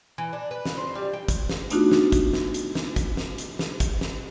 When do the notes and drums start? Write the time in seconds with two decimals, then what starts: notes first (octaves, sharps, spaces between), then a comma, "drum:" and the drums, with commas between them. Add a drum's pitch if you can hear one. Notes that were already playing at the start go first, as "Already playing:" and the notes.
0.18 E3
0.33 D4
0.51 B4
0.65 drum: snare
0.77 C5
0.95 G3
1.13 G5
1.28 drum: kick, hi-hat
1.49 drum: snare
1.70 A3 B3 D4 D#4 F4 F#4, drum: hi-hat
1.91 drum: snare
2.12 drum: kick, hi-hat
2.33 drum: snare
2.54 drum: hi-hat
2.75 drum: snare
2.96 drum: kick, hi-hat
3.17 drum: snare
3.38 drum: hi-hat
3.59 drum: snare
3.80 drum: kick, hi-hat
4.01 drum: snare